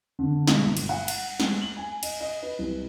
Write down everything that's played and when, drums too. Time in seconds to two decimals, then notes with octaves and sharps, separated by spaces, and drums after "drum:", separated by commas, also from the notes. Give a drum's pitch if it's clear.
0.19 D3
0.47 B2, drum: snare
0.66 G1
0.77 drum: cymbal
0.89 F#5
1.08 drum: cymbal
1.40 drum: snare
1.62 F#7
1.76 G#5
2.03 D#5, drum: cymbal
2.21 D#5
2.43 B4
2.59 C2